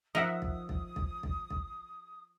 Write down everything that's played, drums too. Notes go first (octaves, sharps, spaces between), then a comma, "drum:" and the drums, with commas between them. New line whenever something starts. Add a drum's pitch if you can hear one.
F3 D#4 A#4 D#5 E5 F#5 D#6
drum: kick
drum: kick
drum: kick
drum: kick
drum: kick